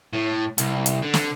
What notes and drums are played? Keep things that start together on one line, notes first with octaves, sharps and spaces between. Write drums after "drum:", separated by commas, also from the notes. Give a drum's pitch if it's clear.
A2
C2, drum: hi-hat
drum: hi-hat
D3
drum: snare